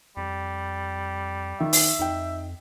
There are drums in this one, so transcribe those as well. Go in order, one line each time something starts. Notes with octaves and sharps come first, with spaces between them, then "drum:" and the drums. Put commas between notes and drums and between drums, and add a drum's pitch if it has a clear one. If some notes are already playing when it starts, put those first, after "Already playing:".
F2 G3
D#3 E5
drum: open hi-hat
F2 D#4 G5